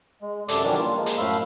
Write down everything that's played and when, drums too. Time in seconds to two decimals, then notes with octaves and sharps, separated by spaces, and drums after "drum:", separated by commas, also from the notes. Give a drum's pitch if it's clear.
0.22 G#3
0.48 F#2 C3 A4 D5 D6, drum: hi-hat
0.63 D#3 E3 F#3 G3 C#4 D4
0.79 A#3 F4
0.97 F3 G#3 A#3
1.06 drum: hi-hat
1.18 F#2 A2 A3 F5 B5 E6